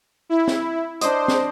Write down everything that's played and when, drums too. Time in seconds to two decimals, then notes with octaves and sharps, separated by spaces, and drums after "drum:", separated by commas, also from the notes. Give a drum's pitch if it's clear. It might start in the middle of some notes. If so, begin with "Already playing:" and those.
0.29 E4
0.47 drum: snare
1.01 D4 C5 D5 D#5, drum: hi-hat
1.28 drum: snare